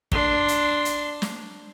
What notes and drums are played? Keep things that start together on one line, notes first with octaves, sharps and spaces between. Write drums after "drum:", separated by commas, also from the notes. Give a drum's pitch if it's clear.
D4 C6, drum: kick
drum: hi-hat
drum: hi-hat
drum: snare